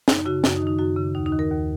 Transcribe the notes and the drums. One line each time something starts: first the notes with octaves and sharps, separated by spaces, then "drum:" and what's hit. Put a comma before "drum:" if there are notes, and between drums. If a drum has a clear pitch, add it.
F#2 D#4, drum: snare
C#3 F#4
F#2 F#4, drum: snare
D#4
D#3
D#4
F#2 F#4
C#3
D#2 D#4
D#4
D#3
A#4
D#2